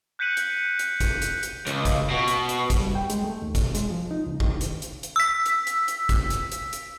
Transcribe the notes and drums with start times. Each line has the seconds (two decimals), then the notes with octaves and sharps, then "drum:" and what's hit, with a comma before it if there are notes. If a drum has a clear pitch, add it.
0.19 F#6 G6 B6 C#7 D#7 F#7
0.37 drum: hi-hat
0.79 drum: hi-hat
1.00 drum: kick, hi-hat
1.22 drum: hi-hat
1.43 drum: hi-hat
1.67 C#2, drum: hi-hat
1.85 drum: kick, hi-hat
2.10 B2
2.28 drum: hi-hat
2.49 drum: hi-hat
2.70 drum: kick, hi-hat
2.79 G3
2.95 G5
3.10 G#3, drum: hi-hat
3.24 A3
3.42 D#2
3.55 B2, drum: kick, hi-hat
3.75 G#3, drum: hi-hat
3.90 F3
4.11 D#4
4.26 C#2
4.40 D#3, drum: kick
4.61 drum: hi-hat
4.82 drum: hi-hat
5.03 drum: hi-hat
5.16 E6 B6
5.46 drum: hi-hat
5.67 drum: hi-hat
5.88 drum: hi-hat
6.09 drum: kick, hi-hat
6.30 drum: hi-hat
6.52 drum: hi-hat
6.73 drum: hi-hat